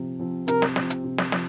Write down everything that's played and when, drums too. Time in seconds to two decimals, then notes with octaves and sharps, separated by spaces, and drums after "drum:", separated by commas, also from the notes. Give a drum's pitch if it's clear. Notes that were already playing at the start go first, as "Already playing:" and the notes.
Already playing: C3 F3 C4
0.19 F3 C4
0.48 C3 A#4, drum: hi-hat
0.62 drum: snare
0.76 F3 C4, drum: snare
0.90 drum: hi-hat
1.04 C3
1.18 drum: snare
1.32 F3, drum: snare